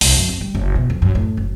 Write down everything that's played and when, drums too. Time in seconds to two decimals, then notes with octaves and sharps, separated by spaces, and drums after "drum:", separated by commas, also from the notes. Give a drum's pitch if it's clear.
0.01 C2, drum: open hi-hat
0.16 F#2
0.29 C4
0.41 G3
0.55 F#1
0.76 B2
0.90 F2
1.02 F#2
1.15 A2
1.37 F#1